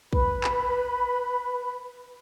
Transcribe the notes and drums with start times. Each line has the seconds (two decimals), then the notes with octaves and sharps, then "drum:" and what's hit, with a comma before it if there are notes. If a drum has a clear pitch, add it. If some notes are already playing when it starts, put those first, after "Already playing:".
0.13 B4 B5, drum: kick
0.44 drum: clap